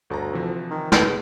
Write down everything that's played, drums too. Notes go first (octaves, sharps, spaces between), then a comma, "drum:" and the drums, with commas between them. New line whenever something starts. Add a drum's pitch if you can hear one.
G1 D2 A5 A#5
C3 E3 F3
D#3
B3, drum: snare
E2